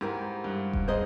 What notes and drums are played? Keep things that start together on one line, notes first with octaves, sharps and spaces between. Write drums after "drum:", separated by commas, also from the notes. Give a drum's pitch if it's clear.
G#2 E4 G4 A#4
G2
drum: kick E1
D#4 G#4 C5 D#5